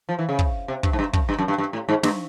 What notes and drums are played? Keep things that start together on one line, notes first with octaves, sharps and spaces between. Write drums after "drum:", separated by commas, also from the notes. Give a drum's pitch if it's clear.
F3
E3
C#3
drum: kick
C3
G2, drum: kick
G#2
G2
F#2, drum: kick
G2
F#2
G2
G2
A2
G#2
G2, drum: snare